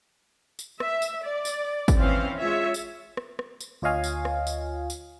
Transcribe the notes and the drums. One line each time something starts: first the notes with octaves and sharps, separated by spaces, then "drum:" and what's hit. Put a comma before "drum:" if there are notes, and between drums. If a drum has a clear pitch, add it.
drum: tambourine
E5, drum: rim click
drum: tambourine
D5
drum: tambourine
drum: kick G#1, tambourine
E3 C4 C#4 C5 F5
G#3 F4 C#5 E5
drum: tambourine
drum: rim click
drum: rim click
drum: tambourine
D2 F4 C#5 D#5 F5 G#5
drum: tambourine
drum: rim click
drum: tambourine
drum: tambourine